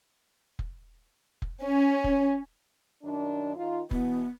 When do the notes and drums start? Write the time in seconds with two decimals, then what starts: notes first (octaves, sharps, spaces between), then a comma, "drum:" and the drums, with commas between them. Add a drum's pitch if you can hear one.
0.59 drum: kick F1
1.42 drum: kick F1
1.62 C#4
2.04 drum: kick F1
3.04 F#2 D#3 D4
3.56 D#3 F4
3.91 B2 E3 B3, drum: kick F1